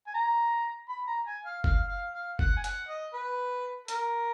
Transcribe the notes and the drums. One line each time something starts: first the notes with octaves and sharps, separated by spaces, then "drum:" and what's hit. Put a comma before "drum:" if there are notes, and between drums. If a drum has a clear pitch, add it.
G#5
A#5
B5
A#5
G#5
F5
F5, drum: kick
F5
F5
F#5, drum: kick
G#5
F#5, drum: hi-hat
D#5
B4
A#4, drum: hi-hat